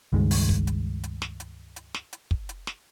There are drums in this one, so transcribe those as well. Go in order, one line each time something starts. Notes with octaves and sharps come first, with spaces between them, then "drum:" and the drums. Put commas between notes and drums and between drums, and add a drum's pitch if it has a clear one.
C#2 G2 D#3 G#3
drum: open hi-hat
drum: kick
drum: hi-hat
drum: hi-hat
drum: snare
drum: hi-hat
drum: hi-hat
drum: snare
drum: hi-hat
drum: kick
drum: hi-hat
drum: snare